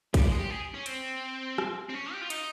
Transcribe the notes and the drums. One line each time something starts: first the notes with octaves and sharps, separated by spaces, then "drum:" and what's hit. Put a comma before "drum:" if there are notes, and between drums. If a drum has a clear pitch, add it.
G3, drum: kick, hi-hat
G#3
G4
G#4
C#4
C4, drum: hi-hat
drum: rim click
C4
C#4
G4
F4
D#4, drum: hi-hat